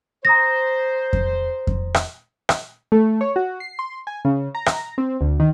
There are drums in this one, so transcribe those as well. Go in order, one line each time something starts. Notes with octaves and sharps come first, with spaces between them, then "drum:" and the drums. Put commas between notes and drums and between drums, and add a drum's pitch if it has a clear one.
C5 A#5 D#6 A#6
drum: kick F2
drum: kick F2
drum: rim click
drum: rim click
A3
C#5
F#4
C7
C6
G#5
C#3
A#5
drum: rim click
C4
D2
D#3